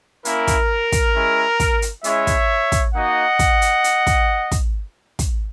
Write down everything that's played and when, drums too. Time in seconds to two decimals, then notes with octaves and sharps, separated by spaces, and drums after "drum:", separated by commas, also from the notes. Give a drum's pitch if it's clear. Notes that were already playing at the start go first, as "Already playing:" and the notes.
0.25 A#3 C#4 E4 A#4, drum: hi-hat
0.47 drum: kick, hi-hat
0.92 drum: kick, hi-hat
1.14 G#3 C#4 E4
1.60 drum: kick, hi-hat
1.82 drum: hi-hat
2.04 G#3 C#4 E4 C#5 E5, drum: hi-hat
2.27 drum: kick, hi-hat
2.72 drum: kick, hi-hat
2.94 A#3 D#4 F#4 D#5 F#5
3.39 drum: kick, hi-hat
3.62 drum: hi-hat
3.84 drum: hi-hat
4.07 drum: kick, hi-hat
4.51 drum: kick, hi-hat
5.19 drum: kick, hi-hat